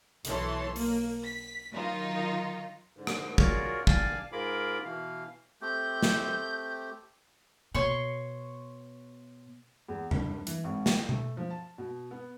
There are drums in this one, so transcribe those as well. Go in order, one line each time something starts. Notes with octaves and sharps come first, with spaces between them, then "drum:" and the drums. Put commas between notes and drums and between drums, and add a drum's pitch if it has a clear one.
B1 E3 A4 C#5 C6, drum: hi-hat
A#3, drum: open hi-hat
B6
D#3 F#3 D#4 F4
G#2 D3
drum: rim click
F4 F#4 G#4 A#4 C#5 D5, drum: kick
D5 F5 G#5 A5, drum: kick
G#2 F4 G#4 A#4 B5 D6
B2 E3 F5
A3 C4 G4 G6
drum: snare
B2 C#5 C6 C#6
E2
G2, drum: tom E2
E3, drum: hi-hat
G#1
G5, drum: snare
A3, drum: tom B2
F3
A5
B2
B3